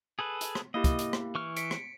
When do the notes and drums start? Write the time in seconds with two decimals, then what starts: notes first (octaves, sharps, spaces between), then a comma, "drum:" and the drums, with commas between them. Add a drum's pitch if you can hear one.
0.19 G#4 A4 B4
0.41 drum: hi-hat
0.55 drum: rim click
0.74 A#3 E4 G4 D#5
0.84 drum: kick, hi-hat
0.99 drum: hi-hat
1.13 drum: rim click
1.35 E3 C#6 F6
1.56 B6 C#7 D7, drum: hi-hat
1.71 drum: rim click